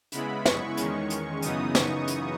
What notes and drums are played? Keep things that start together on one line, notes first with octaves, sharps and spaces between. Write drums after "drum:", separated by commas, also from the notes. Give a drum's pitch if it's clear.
C#3 G#3 B3 E4 B5, drum: hi-hat
C#6, drum: snare
E2 D#3 G#3 C#4, drum: hi-hat
drum: hi-hat
F#2 C#3 E3 B3 D#4 D#6, drum: hi-hat
C#6, drum: snare
drum: hi-hat